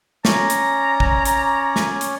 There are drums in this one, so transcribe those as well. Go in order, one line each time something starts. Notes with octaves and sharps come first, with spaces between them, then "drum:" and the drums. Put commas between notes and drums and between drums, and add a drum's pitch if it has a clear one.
C#4 C#5 D5 A#5, drum: snare
drum: hi-hat
drum: kick A1
drum: hi-hat
drum: snare
drum: hi-hat